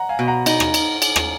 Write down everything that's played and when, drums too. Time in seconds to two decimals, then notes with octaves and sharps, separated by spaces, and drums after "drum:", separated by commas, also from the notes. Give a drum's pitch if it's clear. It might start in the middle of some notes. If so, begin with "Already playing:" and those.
Already playing: F#5 A#5
0.09 F5 G#5
0.19 B2
0.28 F#5 A#5
0.46 D#4, drum: cymbal
0.60 drum: rim click
0.74 drum: cymbal
1.02 drum: cymbal
1.16 drum: rim click